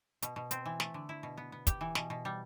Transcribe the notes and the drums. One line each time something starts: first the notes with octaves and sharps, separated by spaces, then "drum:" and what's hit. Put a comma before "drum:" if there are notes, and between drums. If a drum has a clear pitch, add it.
B2, drum: hi-hat
B2
C4, drum: hi-hat
E3
A3, drum: snare
D3
E4
B2
B3
B3
G4, drum: kick, hi-hat
E3
B2, drum: snare
B2
G3